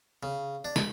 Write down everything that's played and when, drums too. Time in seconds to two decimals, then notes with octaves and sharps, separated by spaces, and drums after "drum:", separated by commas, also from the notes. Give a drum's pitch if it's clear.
0.23 C#3
0.65 D4
0.76 B5, drum: snare